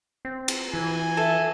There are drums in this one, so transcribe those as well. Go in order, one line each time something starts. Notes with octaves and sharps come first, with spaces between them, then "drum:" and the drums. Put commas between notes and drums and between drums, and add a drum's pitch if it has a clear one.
C4
drum: cymbal
E3 G#5
A4 E5